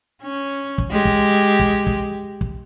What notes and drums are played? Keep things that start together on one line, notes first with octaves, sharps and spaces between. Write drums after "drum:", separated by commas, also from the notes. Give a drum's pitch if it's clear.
C#4
drum: kick
G#3 G4
drum: kick
drum: kick
drum: kick
drum: kick